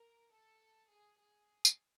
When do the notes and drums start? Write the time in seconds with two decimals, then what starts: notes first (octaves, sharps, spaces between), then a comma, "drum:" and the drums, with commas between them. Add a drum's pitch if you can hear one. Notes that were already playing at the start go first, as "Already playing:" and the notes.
Already playing: A#4
0.33 A4
0.91 G#4
1.20 G#4
1.65 drum: tambourine